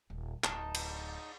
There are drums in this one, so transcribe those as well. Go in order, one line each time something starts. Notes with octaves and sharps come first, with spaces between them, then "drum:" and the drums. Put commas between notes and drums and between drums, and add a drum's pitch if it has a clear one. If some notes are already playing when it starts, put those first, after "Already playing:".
D#1
D1 D#4 A5, drum: clap
drum: cymbal